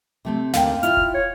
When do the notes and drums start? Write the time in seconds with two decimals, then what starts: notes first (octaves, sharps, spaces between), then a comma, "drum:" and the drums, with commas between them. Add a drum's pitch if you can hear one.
0.25 C3 A3 C4
0.54 D#2 D3 C4 F5 G5, drum: snare
0.83 E4 F4 F6, drum: hi-hat
0.97 drum: kick D#1
1.14 C#5